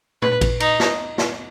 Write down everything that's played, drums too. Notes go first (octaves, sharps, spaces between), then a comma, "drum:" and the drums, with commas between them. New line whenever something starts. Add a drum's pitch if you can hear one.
B4, drum: tom A#2
drum: kick A1, cymbal
D#4, drum: cymbal
drum: snare
drum: snare